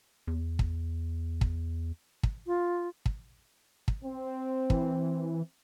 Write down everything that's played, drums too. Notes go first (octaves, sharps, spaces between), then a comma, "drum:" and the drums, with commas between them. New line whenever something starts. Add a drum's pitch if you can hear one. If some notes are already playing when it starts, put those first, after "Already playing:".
E2
drum: kick
drum: kick
drum: kick
F4
drum: kick
drum: kick
C4
E3, drum: kick